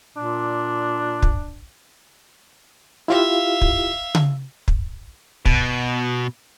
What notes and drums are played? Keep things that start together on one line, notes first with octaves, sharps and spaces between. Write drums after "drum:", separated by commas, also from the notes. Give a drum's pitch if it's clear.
A#2 D4
drum: kick
E4 F4 G4 E5 F5
drum: kick
drum: tom C#3
drum: kick
B2, drum: kick